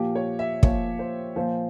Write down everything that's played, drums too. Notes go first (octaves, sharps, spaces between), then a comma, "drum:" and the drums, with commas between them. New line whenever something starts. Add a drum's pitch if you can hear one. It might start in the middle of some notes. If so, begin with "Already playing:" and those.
Already playing: A#2 F3 G4
C#5
E5
A#2 F3 C#5, drum: kick
C5
A#2 F3 C5